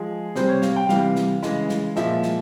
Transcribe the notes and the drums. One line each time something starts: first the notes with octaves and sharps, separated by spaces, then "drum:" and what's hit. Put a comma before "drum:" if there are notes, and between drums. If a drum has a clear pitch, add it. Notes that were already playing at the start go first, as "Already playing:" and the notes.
Already playing: F3 G#3 G#4
C3 G3 C5, drum: snare
C#5
F5, drum: snare
G5
C3 E3 G3 F5, drum: snare
drum: snare
C#3 E3 G#3, drum: snare
drum: snare
A#2 F3 G#3 E5, drum: snare
drum: snare